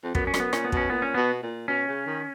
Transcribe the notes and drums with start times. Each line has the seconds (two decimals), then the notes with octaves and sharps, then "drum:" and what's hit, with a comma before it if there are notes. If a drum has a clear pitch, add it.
0.03 F2
0.15 F#2 B3, drum: kick
0.27 C#4
0.34 F#2, drum: rim click
0.40 B3
0.53 A#2 C#4, drum: rim click
0.64 B3
0.72 B2 C#4, drum: kick
0.90 A#2 B3
1.02 C#4
1.14 B2 B3
1.43 A#2
1.68 B2 C#4
1.88 C#3
2.06 D#3